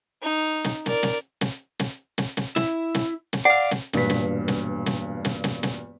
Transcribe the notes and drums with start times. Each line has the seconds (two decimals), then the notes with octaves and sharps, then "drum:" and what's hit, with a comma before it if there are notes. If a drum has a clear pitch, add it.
0.23 D#4
0.64 drum: snare
0.86 A#4 D5, drum: snare
1.03 drum: snare
1.41 drum: snare
1.79 drum: snare
2.18 drum: snare
2.37 drum: snare
2.56 E4, drum: snare
2.95 drum: snare
3.33 drum: snare
3.45 D5 F5 F#5
3.71 drum: snare
3.93 E1 G2 A#2 B4 B6, drum: snare
4.10 drum: snare
4.48 drum: snare
4.86 drum: snare
5.25 drum: snare
5.44 drum: snare
5.63 drum: snare